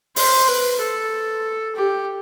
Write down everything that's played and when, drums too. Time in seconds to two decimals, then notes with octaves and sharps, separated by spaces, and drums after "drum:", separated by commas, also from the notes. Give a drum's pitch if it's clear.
0.16 C5, drum: open hi-hat
0.48 B4
0.81 A4
1.76 G4